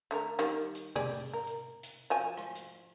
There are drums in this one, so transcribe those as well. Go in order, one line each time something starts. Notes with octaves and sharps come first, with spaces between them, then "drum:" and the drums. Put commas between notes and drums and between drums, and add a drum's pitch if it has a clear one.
D3 A3 A#4
D#3 G3 A#3, drum: hi-hat
drum: hi-hat
G3 G#4 D5, drum: tom B2
drum: open hi-hat
A#4
drum: hi-hat
drum: hi-hat
F3 F#4 G#5
drum: rim click
drum: hi-hat